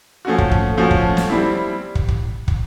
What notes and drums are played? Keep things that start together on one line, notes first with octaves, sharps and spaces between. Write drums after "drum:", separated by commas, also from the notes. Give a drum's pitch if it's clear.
F3 A3 C#4 F#4
drum: kick
drum: kick
F3 A3 C#4 F#4
drum: kick
drum: snare
G3 C4 E4
drum: kick
drum: kick
drum: kick